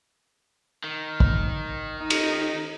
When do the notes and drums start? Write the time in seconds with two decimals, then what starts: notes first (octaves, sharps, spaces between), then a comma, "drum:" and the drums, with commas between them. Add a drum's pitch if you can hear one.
0.84 D#3
1.20 drum: kick
2.00 D#4
2.10 drum: cymbal